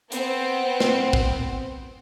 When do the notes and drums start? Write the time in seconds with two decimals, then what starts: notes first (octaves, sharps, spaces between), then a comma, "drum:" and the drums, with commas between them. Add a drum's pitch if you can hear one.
0.12 B3 C4, drum: hi-hat
0.80 drum: snare
1.13 drum: kick